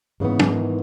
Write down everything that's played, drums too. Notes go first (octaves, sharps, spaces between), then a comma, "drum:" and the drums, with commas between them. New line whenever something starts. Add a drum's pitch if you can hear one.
G#2 C#3 E3 B3
drum: tom
D#3